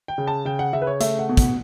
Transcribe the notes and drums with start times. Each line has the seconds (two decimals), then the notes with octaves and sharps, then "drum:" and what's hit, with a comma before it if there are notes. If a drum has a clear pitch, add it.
0.08 G5
0.18 C#3
0.27 A5
0.45 C#3 G5
0.59 F#5
0.73 C#3 E5
0.82 B4
0.87 C#5
1.00 A3 E5, drum: hi-hat
1.19 F#5
1.29 B2
1.37 F#5, drum: kick, hi-hat